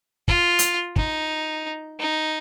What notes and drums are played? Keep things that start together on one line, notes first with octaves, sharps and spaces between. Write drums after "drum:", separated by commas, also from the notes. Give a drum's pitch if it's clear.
F4, drum: kick
drum: hi-hat
D#4, drum: kick
D#4